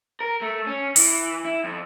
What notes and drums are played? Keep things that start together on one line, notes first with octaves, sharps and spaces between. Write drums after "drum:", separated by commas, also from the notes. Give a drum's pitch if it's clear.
A#4
A3
C#4
E3, drum: open hi-hat
E4
F2